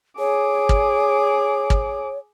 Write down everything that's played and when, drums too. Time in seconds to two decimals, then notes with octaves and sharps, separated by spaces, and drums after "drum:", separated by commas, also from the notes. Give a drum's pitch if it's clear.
0.19 G#4 C#5 D6
0.69 drum: kick
1.70 drum: kick